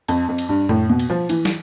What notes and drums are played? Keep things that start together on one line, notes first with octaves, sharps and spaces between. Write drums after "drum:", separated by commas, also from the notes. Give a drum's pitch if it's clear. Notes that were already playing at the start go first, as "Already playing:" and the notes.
F2, drum: cymbal
F2
drum: cymbal
G2
A2, drum: tom F2
B2
drum: cymbal
F3
E3, drum: cymbal
drum: snare